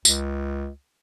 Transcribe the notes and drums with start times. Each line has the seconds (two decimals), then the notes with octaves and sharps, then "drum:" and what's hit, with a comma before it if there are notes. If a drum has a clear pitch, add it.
0.05 C#2, drum: tambourine